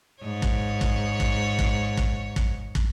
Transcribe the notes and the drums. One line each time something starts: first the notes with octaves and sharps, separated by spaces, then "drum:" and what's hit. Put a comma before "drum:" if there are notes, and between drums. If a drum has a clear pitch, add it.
G#2 C#5
drum: kick
drum: kick
drum: kick
drum: kick
drum: kick
drum: kick
drum: kick